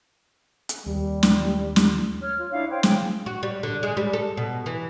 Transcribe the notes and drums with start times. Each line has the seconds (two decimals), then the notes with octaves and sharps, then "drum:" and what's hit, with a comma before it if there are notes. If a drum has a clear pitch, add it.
0.69 drum: hi-hat
0.86 D#2 G3
1.23 drum: snare
1.76 drum: snare
2.22 C#5 F6
2.39 F4
2.51 D4 E4 C#5 F5
2.70 C5 C#5 F5 G5
2.83 G#4 G5, drum: snare
3.26 F#4
3.43 G3
3.63 D3
3.83 G#3
3.97 G3
4.13 A4
4.37 B2
4.66 E3